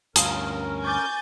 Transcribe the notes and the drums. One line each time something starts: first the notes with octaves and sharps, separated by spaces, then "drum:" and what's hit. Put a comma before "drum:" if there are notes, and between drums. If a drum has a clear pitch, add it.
D2 G2 C#4 A#4 F5 D#6, drum: hi-hat
G#5 C#6 D6 G6 A6